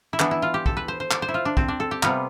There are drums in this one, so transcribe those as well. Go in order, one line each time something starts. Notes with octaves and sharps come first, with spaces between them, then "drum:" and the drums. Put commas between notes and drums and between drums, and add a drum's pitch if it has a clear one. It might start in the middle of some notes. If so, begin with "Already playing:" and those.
E4
E3 B3 D4, drum: clap
E4
F4
G4
A4, drum: kick
B4
C5
C5
D5, drum: clap
C5
E4
F4
D4
C4, drum: kick
D4
A4
G4
C3 G3 B3 F4, drum: clap